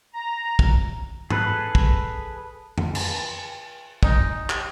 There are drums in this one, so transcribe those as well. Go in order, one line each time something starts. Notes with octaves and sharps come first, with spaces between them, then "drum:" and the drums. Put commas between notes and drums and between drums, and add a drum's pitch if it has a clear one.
A#5
drum: kick
G#4 A4 B4, drum: tom
drum: kick
drum: tom F2
drum: cymbal
G#3 D#4, drum: kick
drum: clap